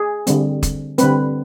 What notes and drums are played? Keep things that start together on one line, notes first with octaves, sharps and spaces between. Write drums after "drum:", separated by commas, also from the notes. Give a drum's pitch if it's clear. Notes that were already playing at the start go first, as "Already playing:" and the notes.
Already playing: G#4
D3 G3 C4, drum: hi-hat
drum: kick, hi-hat
D3 G3 C4 B4, drum: hi-hat